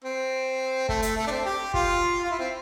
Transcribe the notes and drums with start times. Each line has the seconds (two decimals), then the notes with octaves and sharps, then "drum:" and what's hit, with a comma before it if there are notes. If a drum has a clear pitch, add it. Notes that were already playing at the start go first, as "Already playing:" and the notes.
0.04 C4
0.89 A3, drum: kick
1.02 A3, drum: hi-hat
1.17 A3
1.27 D4
1.30 C4
1.46 G4
1.74 F4, drum: kick
2.24 F4
2.31 E4
2.39 C4